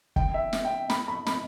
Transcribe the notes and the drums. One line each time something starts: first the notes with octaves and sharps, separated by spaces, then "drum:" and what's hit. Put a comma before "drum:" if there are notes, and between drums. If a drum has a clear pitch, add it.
G5, drum: kick
E5
drum: snare
G5
B5, drum: snare
B5
B5, drum: snare